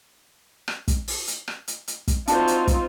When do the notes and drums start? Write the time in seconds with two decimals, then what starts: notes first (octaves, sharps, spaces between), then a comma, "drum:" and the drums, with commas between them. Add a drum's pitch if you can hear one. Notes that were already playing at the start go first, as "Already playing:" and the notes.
0.68 drum: rim click
0.88 drum: kick, hi-hat
1.08 drum: open hi-hat
1.28 drum: hi-hat
1.48 drum: rim click
1.68 drum: hi-hat
1.88 drum: hi-hat
2.08 drum: kick, hi-hat
2.28 C4 D4 D#4 F4 F#4 C5, drum: hi-hat
2.48 drum: hi-hat
2.68 drum: kick, hi-hat